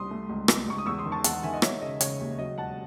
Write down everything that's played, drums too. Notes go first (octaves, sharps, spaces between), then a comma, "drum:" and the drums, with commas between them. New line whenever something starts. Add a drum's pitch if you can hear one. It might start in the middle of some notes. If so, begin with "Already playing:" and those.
Already playing: C2 C6 D#6
A3
C#2
C#2, drum: rim click
C#2 C#6
D#6
E2 C#6 E6
C6 D#6
D#3
A5 C#6
E2 F#5 A5, drum: hi-hat
D#3 E5 G#5
D#5 F#5
E1 C#5 E5, drum: rim click
C#3 D#5
C#3 C#5, drum: hi-hat
D#2
F#3 D#5
E1 F#5 A5